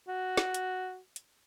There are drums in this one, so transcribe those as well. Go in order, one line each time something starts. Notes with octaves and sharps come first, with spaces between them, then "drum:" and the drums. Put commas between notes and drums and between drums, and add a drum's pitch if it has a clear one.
F#4
drum: snare
drum: hi-hat
drum: hi-hat